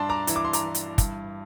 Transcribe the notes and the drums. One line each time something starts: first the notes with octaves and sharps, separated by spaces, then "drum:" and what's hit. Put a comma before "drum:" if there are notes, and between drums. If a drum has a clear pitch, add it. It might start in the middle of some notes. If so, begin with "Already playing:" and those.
Already playing: G2 D4 A5 C6
A#5 D6
E3, drum: hi-hat
D6
C6
A#5 D6, drum: hi-hat
E3
drum: hi-hat
G2, drum: kick, hi-hat